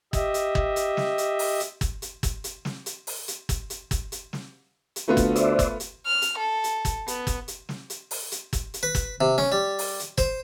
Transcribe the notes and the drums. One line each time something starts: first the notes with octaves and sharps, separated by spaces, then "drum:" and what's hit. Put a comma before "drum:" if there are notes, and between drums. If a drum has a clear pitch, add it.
G4 D#5 E5, drum: kick G1, hi-hat
drum: hi-hat
drum: kick G1
drum: hi-hat
drum: snare
drum: hi-hat
drum: open hi-hat
drum: hi-hat
drum: kick G1, hi-hat
drum: hi-hat
drum: kick G1, hi-hat
drum: hi-hat
drum: snare
drum: hi-hat
drum: open hi-hat
drum: hi-hat
drum: kick G1, hi-hat
drum: hi-hat
drum: kick G1, hi-hat
drum: hi-hat
drum: snare
drum: hi-hat
D2 A3 B3 F4
drum: kick G1, hi-hat
C5 D5 E5, drum: hi-hat
drum: kick G1, hi-hat
drum: hi-hat
F6
drum: hi-hat
A4
drum: hi-hat
drum: kick G1, hi-hat
B3, drum: hi-hat
drum: kick G1, hi-hat
drum: hi-hat
drum: snare
drum: hi-hat
drum: open hi-hat
drum: hi-hat
drum: kick G1, hi-hat
drum: hi-hat
B4
drum: kick G1, hi-hat
C3
C#4, drum: snare
G3
drum: open hi-hat
drum: hi-hat
C5, drum: kick G1, hi-hat